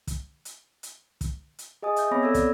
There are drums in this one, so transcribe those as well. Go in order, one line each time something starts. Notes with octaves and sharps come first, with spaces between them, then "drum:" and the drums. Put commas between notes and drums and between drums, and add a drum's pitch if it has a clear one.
drum: kick, hi-hat
drum: hi-hat
drum: hi-hat
drum: kick, hi-hat
drum: hi-hat
G#4 D#5 G#5 D#6
E5 G6, drum: hi-hat
B3 C4 C#5 B5 D6 A#6
A4 D5 E6 G#6
D5, drum: kick, hi-hat